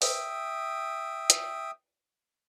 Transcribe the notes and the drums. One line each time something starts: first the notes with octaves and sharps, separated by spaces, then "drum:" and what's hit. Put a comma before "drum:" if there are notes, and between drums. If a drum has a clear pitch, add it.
E5 G5 D#6, drum: open hi-hat
drum: hi-hat